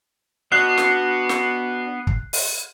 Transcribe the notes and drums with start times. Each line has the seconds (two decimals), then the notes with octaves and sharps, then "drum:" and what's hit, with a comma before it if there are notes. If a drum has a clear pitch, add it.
0.52 B3 D4 F#4 D#5 F#6 C7
0.78 drum: snare
1.29 drum: snare
2.07 drum: kick
2.33 drum: open hi-hat